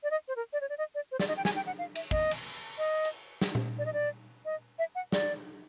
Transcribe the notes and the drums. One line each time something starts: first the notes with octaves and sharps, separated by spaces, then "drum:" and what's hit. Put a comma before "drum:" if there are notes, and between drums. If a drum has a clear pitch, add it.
D5
D#5
C5
A#4
D5
C#5
D5
D#5
D5
C5
D5, drum: snare
D#5
G5
G#5, drum: snare
G5
F#5
F5
E5, drum: cymbal
D#5, drum: kick
drum: cymbal
D#5
drum: hi-hat
drum: snare
drum: tom A#2
D5
D#5
D5
D#5
E5
F#5
D5, drum: snare